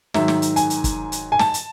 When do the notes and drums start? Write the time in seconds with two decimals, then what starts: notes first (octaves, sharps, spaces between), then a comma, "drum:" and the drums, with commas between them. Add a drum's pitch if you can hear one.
0.14 G#2 D#3 F#3 E5, drum: snare
0.28 drum: snare
0.42 drum: hi-hat
0.56 G#5, drum: hi-hat
0.70 drum: hi-hat
0.84 drum: kick, hi-hat
1.12 drum: hi-hat
1.32 G#5
1.39 A5, drum: snare
1.54 drum: hi-hat